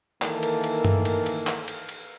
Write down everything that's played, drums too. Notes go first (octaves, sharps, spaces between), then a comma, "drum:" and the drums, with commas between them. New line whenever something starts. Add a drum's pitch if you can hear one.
D#3 E3 A#3 A4, drum: clap
drum: cymbal
drum: cymbal
drum: tom G2
drum: cymbal
drum: cymbal
drum: clap
drum: cymbal
drum: cymbal